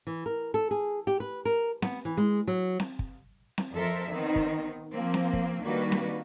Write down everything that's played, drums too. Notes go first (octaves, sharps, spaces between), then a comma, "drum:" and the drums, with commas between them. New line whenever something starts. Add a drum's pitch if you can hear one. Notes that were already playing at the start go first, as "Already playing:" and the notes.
E3
A#4
A4
G#4
G4
B4
A#4
B3, drum: snare C4
E3
G#3
F#3
drum: snare C4
drum: kick
drum: snare C4
F2 A4 A#4 C5 E5
D#3 B3 C4 D#4
drum: kick
F3 A#3 C4
drum: snare C4
drum: kick
D#3 G3 A#3 D4 F#4 B4
drum: snare C4